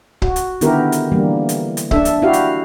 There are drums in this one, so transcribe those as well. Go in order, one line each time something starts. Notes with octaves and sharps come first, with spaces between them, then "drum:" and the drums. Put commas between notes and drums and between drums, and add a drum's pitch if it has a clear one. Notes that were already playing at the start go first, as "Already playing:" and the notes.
F#4, drum: kick C#1
drum: hi-hat
D3 D#3 B3 E4 G4 A#4, drum: hi-hat
drum: hi-hat
D3 E3 G3 A#3
drum: hi-hat
drum: hi-hat
D4 A4 E5, drum: kick C#1
drum: hi-hat
E4 F#4 G4 F5
drum: hi-hat